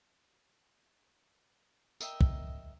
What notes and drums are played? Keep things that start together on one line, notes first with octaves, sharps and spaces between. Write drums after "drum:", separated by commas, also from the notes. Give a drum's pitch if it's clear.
A#4 D#5 E5 G5, drum: tambourine
drum: kick